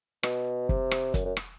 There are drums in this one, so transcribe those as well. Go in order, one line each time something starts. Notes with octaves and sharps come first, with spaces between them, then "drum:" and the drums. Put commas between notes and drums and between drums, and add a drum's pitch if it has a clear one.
B2, drum: rim click
C3, drum: kick
drum: rim click
F#2, drum: kick, hi-hat
F#2
drum: rim click